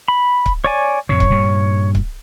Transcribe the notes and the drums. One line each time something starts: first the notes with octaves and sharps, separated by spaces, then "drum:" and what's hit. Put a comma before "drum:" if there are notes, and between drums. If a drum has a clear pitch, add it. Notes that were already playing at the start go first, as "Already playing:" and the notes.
B5
drum: kick C#1
C#5 D5 G#5
F2 A2 C3 C#5
drum: kick C#1
G2 A#2 G3
drum: kick C#1